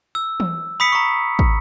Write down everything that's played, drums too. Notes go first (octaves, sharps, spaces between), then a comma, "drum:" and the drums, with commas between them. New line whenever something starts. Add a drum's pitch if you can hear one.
E6
drum: tom E3
B5 D#6 B6 C#7
A#5 C#6
drum: kick